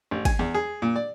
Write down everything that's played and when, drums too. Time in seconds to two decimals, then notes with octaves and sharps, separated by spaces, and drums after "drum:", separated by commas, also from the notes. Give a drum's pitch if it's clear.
0.11 A1
0.25 G#5, drum: kick, cymbal
0.39 E2
0.54 G#4
0.82 A#2
0.96 D5